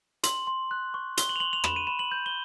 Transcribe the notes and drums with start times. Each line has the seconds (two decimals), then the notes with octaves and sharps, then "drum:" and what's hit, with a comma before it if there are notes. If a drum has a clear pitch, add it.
0.23 C6 F#7, drum: hi-hat
0.47 C6
0.71 F#6
0.94 C#6
1.17 C6 G7, drum: hi-hat
1.29 F#7
1.36 F7
1.40 C6 F#7
1.53 F7
1.64 B5 E7, drum: rim click
1.76 D#7
1.87 B5 E7
1.99 F#7
2.12 G6
2.26 G7